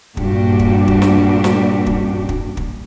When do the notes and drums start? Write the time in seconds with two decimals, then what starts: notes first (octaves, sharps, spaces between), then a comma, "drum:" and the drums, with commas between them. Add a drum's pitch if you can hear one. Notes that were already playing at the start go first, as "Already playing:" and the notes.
0.17 G2 A#2 G3 D4 F#4 G4, drum: kick
0.59 drum: kick
0.88 drum: kick
1.02 drum: snare
1.44 drum: snare
1.86 drum: kick
2.29 drum: kick
2.57 drum: kick